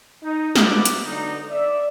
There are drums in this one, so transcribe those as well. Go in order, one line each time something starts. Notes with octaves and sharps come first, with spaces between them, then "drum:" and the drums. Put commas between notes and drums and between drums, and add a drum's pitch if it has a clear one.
D#4
F3 F#4 B4 D5, drum: snare
drum: hi-hat
B1 D3 D#4
D5 E5